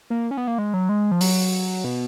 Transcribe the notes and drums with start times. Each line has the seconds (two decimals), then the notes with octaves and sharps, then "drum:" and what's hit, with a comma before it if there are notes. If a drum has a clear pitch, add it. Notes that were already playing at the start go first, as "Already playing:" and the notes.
0.10 A#3
0.31 C#4
0.37 B3
0.47 A#3
0.58 G#3
0.74 F#3
0.89 G#3
1.11 F3
1.21 F#3, drum: open hi-hat
1.84 B2